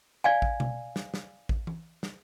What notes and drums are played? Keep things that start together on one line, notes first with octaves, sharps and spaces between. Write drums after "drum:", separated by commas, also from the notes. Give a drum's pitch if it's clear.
D5 F5 G#5
drum: kick A1
drum: tom B2
drum: snare
drum: snare
drum: kick A1
drum: tom E3
drum: snare